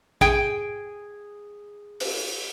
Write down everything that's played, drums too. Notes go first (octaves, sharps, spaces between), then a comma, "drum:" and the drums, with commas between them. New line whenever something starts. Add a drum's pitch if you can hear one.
G#4 G5, drum: kick
drum: open hi-hat